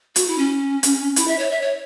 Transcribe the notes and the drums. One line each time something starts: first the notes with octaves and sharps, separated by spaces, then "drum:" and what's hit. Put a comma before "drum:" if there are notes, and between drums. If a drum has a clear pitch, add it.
F#4, drum: hi-hat
E4
C#4
drum: hi-hat
E4, drum: hi-hat
E5
C#5
E5
C#5